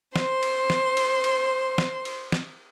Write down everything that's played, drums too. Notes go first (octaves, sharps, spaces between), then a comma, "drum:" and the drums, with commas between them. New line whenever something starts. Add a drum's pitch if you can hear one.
C5 C6, drum: snare
drum: cymbal
drum: snare
drum: cymbal
drum: cymbal
drum: snare
drum: cymbal
drum: snare